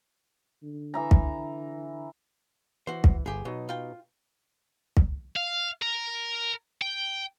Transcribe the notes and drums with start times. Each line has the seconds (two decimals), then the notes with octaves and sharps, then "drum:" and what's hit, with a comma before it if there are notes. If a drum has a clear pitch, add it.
0.63 D3
0.94 E3 E5 A#5
1.11 drum: kick
2.87 E3 F#4 C5
3.04 drum: kick
3.26 G1 G4 G#4
3.45 B2 F#3 D#4
3.69 F4 G5
4.97 drum: kick
5.36 F5
5.82 A#4
6.82 G5